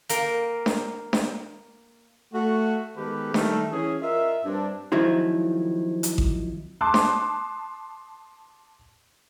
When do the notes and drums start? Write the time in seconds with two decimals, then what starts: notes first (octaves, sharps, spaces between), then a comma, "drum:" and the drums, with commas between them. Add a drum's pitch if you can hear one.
0.09 A#3 A#4 G5, drum: hi-hat
0.66 drum: snare D4
1.13 drum: snare D4
2.33 A3 F#4
2.97 D#3 G#3 B3 G4 A4 B4
3.34 D#3 G3 A3, drum: snare D4
3.71 E3 C#4 G#4
4.01 F4 A#4 D#5 E5
4.45 G2 C4 D4
4.92 D#3 F3 F#3 G#3 C4 E4
6.03 drum: hi-hat
6.18 drum: kick A1
6.81 A5 C6 D6 D#6 F#6
6.94 drum: snare D4